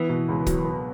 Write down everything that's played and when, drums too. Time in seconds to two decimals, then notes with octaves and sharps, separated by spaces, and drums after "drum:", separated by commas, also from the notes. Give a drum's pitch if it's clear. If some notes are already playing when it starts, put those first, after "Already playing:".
Already playing: E3 B3
0.09 B2
0.28 C#2
0.47 F#3, drum: kick, hi-hat
0.65 B3